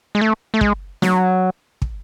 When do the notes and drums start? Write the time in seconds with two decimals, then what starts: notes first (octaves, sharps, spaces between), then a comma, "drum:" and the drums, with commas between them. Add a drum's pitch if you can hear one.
0.15 G#3
0.21 A3
0.54 A3
0.61 G#3, drum: kick
1.02 F#3, drum: snare
1.82 drum: kick